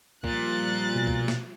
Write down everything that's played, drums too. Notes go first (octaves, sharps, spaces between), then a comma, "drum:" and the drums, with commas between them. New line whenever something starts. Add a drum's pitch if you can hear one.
A#2 F3 G3 F#6 A6, drum: kick
B2
drum: kick
drum: snare